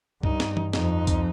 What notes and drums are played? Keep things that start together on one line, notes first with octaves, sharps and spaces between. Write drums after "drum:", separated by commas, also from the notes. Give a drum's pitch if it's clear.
G2 D#4, drum: kick C#2
drum: snare
drum: tom E3
F2 D#4, drum: snare
drum: kick C#2, hi-hat